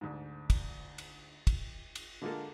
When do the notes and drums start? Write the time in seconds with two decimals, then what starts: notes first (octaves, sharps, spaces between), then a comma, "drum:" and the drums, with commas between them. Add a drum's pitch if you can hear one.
0.01 D2 G#2
0.50 drum: kick, cymbal
0.98 drum: cymbal
1.47 drum: kick, cymbal
1.95 drum: cymbal
2.22 D3 G#3 A#3 F4 A4 A#4